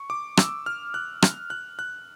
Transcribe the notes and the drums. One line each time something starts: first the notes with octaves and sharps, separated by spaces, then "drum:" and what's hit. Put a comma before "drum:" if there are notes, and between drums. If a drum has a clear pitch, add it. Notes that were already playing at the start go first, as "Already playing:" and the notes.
Already playing: C#6
D6
E6, drum: rim click
F6
F#6
F6, drum: rim click
F#6
F#6